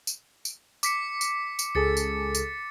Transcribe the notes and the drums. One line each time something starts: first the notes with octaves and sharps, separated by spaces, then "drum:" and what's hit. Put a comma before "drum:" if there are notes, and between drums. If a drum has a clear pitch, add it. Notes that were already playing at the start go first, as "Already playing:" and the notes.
drum: tambourine
drum: tambourine
D6 B6 C#7, drum: tambourine
drum: tambourine
drum: tambourine
C#2 G#4 A4 A6 C#7
drum: tambourine
drum: tambourine